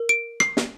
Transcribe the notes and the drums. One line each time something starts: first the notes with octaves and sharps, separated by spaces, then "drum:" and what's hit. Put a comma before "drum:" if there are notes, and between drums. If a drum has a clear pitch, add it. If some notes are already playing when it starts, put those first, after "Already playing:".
Already playing: A#4
D7
C7, drum: rim click
drum: snare